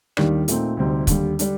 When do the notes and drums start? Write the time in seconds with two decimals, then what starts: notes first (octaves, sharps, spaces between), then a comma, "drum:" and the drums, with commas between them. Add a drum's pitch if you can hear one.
0.17 D#2 D#3 G3 D4, drum: rim click
0.48 A#2 A3 C4 D#4, drum: hi-hat
0.77 D2 C3 G3 C4 D#4
1.07 D#2 D3 G3, drum: kick, hi-hat
1.39 D3 G3 D4, drum: hi-hat